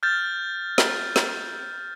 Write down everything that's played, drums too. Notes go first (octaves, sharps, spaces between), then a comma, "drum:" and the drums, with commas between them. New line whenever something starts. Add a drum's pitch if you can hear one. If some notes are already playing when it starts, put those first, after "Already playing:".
F6 G6 A6
drum: snare
drum: snare